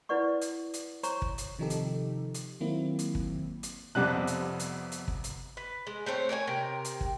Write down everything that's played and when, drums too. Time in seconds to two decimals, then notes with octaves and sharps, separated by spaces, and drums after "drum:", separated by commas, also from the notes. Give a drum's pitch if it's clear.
0.09 E4 B4 D5 F#5 C#6
0.41 drum: hi-hat
0.74 drum: hi-hat
1.03 C5 C#5 A#5 C#6, drum: hi-hat
1.22 drum: kick
1.38 drum: hi-hat
1.59 C3 D#3 F3 D#4 G4 A4
1.70 drum: hi-hat
2.34 drum: hi-hat
2.61 D#3 F#3 A#3 C4 E4
2.99 drum: hi-hat
3.15 drum: kick
3.63 drum: hi-hat
3.95 F2 C3 G3 B3 F#6
4.27 drum: hi-hat
4.59 drum: hi-hat
4.92 drum: hi-hat
5.08 drum: kick
5.24 drum: hi-hat
5.57 B4
5.87 G#3
6.06 A3 C4 C5 C#5
6.29 A#4 C#5 D#5 G#5
6.47 C3 A#4 G5
6.85 drum: hi-hat
7.01 drum: kick